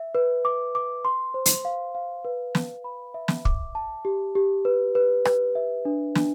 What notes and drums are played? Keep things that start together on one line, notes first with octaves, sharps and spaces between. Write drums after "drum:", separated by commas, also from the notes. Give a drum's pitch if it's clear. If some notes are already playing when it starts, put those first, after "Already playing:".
Already playing: E5
B4
D6
D6
C6
C5
drum: hi-hat
F5
F5
B4
B4, drum: snare
B5
E5
drum: snare
D6, drum: kick
A5
G4
G4
B4
B4
B4, drum: rim click
E5
D4
D4, drum: snare